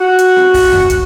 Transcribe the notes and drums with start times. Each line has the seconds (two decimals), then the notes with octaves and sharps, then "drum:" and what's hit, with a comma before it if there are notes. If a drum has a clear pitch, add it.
0.01 F#4
0.19 drum: hi-hat
0.36 drum: snare C4
0.54 drum: kick, open hi-hat
0.72 drum: tom E2
0.90 drum: kick, hi-hat